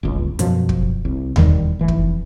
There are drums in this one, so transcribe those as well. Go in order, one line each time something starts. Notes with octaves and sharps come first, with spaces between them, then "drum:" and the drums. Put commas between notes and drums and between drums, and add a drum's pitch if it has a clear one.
D1 G1 C#2
F#2 B2 F3, drum: hi-hat
drum: kick
C2
E1 D#2 D#3 G3, drum: tom D#2
F1 E3
drum: kick